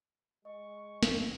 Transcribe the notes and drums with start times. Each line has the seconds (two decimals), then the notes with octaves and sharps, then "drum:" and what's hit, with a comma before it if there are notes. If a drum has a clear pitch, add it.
0.45 G#3 D#5 C#6
1.03 drum: snare